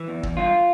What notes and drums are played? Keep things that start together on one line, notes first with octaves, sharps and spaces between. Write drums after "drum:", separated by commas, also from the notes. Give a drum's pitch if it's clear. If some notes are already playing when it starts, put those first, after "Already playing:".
Already playing: E3
E2
E2, drum: kick
G2 F4